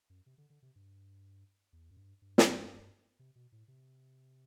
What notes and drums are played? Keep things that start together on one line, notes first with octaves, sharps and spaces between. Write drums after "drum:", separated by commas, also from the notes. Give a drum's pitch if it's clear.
F#2
C3
D3
D3
C3
G2
E2
F#2
G2
G2
drum: snare
C3
B2
A2
C3